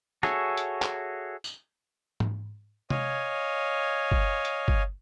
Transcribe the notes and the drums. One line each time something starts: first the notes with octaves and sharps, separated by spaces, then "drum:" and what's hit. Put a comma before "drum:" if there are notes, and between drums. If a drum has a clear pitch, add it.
F#4 G#4 A4 C#5 E5, drum: rim click
drum: hi-hat
drum: clap
drum: tambourine
drum: tom G#2
C#5 D#5 F5 G#5, drum: tom C3
drum: kick
drum: hi-hat
drum: kick